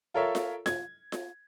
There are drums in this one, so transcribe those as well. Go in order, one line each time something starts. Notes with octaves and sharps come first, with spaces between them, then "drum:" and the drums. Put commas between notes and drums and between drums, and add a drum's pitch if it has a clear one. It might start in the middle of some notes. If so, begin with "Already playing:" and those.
F4 A4 A#4 C#5 E5
drum: snare F4
G#6, drum: snare F4
drum: snare F4